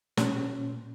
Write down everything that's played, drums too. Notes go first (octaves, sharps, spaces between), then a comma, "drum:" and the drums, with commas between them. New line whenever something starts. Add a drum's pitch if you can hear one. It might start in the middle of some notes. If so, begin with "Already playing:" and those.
A#2 C#4, drum: snare